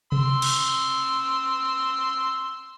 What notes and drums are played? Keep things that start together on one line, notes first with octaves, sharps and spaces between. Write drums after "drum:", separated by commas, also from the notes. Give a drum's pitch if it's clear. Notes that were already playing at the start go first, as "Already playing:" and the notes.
C6 E6, drum: tom C3
drum: cymbal